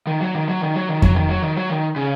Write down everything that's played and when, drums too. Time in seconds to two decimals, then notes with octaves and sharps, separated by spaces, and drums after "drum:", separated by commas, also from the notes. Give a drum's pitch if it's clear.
0.07 D#3
0.21 F#3
0.35 D#3
0.48 F#3
0.61 D#3
0.75 F#3
0.89 D#3
1.02 F#3, drum: kick F2
1.15 D#3
1.29 F#3
1.42 D#3
1.56 F#3
1.70 D#3
1.96 C#3